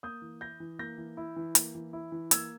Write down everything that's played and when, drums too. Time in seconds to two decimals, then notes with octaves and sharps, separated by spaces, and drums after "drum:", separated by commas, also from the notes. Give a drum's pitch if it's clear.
0.03 A#3 D#6 G6
0.22 E3
0.41 E4 G6 A#6
0.60 E3
0.79 A#3 G6 A#6
0.98 E3
1.17 E4
1.36 E3
1.55 A#3, drum: hi-hat
1.75 E3
1.93 E4
2.12 E3
2.31 A#3 E6 G#6, drum: hi-hat